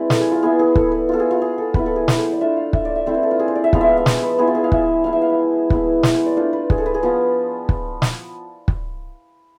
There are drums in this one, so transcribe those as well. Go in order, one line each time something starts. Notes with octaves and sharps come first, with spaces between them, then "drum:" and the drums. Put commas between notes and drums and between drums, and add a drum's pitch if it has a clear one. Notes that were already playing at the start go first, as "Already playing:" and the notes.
Already playing: G#3 C4 E4 B4 D5
A4, drum: snare
G#4
F4
B3 E4 G#4
G#4
A4, drum: kick
B4
B3 F4 A4
G#4
F4
G#4
A4
B3 E4 B4, drum: kick
A4
G#4
G#4, drum: snare
A4
C5
D5
A3 D4 F4 E5
F5
E5, drum: kick
D5
E5
A3 C4 E4 C5
B4
A4
F4
G#4
C5
D5
E5
F3 G#3 B3 F5, drum: kick
E5
F5
E5
C5, drum: snare
B4
B3 E4 G#4
F4
G#4
F5
E5, drum: kick
F3 B3 E4 F5
E5
F5
E5
G#3 B3 E4, drum: kick
C5, drum: snare
B4
D5
A3 D4 F4 C5
B4
G#4, drum: kick
A4
B4
G#4
F3 B3 F4
drum: kick
drum: snare
drum: kick